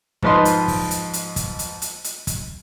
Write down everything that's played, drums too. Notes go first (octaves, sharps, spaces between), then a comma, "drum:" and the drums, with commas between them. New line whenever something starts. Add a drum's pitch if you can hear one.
G#2 F3 B4 D#5 C6, drum: kick
drum: hi-hat
drum: kick, open hi-hat
drum: hi-hat
drum: hi-hat
drum: kick, hi-hat
drum: hi-hat
drum: hi-hat
drum: hi-hat
drum: kick, hi-hat